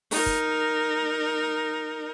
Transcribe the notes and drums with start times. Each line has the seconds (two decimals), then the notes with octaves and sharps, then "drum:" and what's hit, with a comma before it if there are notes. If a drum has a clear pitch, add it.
0.11 D#4 A#4, drum: open hi-hat
0.26 drum: kick